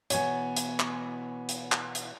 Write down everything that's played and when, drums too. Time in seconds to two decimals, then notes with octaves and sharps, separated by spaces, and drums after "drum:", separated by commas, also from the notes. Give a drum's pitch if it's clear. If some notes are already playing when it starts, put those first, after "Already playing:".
0.10 B2 E3 B3 C#5 G#5, drum: hi-hat
0.56 drum: hi-hat
0.80 drum: clap
1.49 drum: hi-hat
1.72 drum: clap
1.95 drum: hi-hat